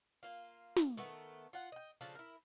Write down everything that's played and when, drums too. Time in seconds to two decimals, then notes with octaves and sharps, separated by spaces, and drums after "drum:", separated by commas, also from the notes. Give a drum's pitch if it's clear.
0.23 A#3 F4
0.76 drum: snare
0.97 D#3 A3 B3
1.53 F4 F#5
1.72 D#5 G5
2.01 C#3 F3 D4 A4
2.15 E4 A#4